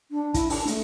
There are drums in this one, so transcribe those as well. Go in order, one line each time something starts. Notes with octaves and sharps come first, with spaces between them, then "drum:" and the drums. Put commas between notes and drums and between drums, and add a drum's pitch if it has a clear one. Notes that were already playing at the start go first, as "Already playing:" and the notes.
D4
E4, drum: kick, hi-hat
D4, drum: open hi-hat
A3, drum: hi-hat